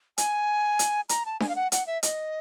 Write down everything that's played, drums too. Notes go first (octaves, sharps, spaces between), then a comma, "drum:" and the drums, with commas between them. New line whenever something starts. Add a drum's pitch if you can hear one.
G#5, drum: hi-hat
drum: hi-hat
A#5, drum: hi-hat
A5
G#5, drum: snare D4
F5
F#5
F#5, drum: hi-hat
E5
D#5, drum: hi-hat